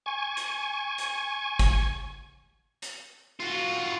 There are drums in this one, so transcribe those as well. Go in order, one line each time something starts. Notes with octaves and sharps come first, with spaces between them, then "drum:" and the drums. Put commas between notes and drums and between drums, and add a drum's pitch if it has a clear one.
G#5 C#6
drum: hi-hat
drum: hi-hat
drum: kick, hi-hat
drum: hi-hat
F4 F#4